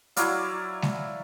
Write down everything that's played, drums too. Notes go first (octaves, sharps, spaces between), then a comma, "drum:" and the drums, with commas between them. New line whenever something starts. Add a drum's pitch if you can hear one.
F#3 E4 D5 F5, drum: hi-hat
drum: snare